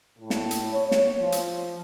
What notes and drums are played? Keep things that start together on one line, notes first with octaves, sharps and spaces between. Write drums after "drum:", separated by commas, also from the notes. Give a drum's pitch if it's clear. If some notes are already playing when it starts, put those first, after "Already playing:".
A2
drum: snare
drum: hi-hat
C#5
drum: snare
F3
drum: hi-hat